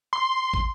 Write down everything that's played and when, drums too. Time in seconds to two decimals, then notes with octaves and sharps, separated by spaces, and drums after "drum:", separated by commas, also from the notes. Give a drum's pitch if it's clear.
0.13 C6
0.54 drum: kick